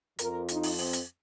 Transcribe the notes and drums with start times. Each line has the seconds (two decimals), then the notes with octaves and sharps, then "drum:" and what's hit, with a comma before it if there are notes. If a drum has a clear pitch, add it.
0.19 F2 F3 A#4, drum: hi-hat
0.48 D#4, drum: hi-hat
0.63 drum: open hi-hat
0.78 C4, drum: open hi-hat
0.93 drum: hi-hat